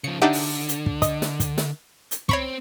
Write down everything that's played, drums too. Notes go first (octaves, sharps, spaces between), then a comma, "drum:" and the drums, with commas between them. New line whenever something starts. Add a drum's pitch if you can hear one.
C#3 F3 C#7
D3 D4 D#4 G4 D5 E5 F#5
drum: open hi-hat
drum: hi-hat
drum: kick
D#5, drum: kick, hi-hat
drum: snare
drum: kick, hi-hat
drum: snare
drum: hi-hat
C4 C#5 B5 C#6, drum: kick